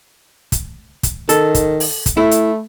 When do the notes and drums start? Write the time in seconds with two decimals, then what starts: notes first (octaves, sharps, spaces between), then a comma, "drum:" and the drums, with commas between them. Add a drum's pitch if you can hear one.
0.52 drum: kick, hi-hat
1.03 drum: kick, hi-hat
1.29 D#3 A4, drum: hi-hat
1.55 drum: kick, hi-hat
1.80 drum: open hi-hat
2.06 drum: kick, hi-hat
2.17 A3 E4
2.31 drum: hi-hat